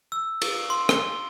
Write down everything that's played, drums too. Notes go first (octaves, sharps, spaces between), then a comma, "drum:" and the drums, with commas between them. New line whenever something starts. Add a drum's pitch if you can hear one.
E6
drum: cymbal
C6
G7, drum: rim click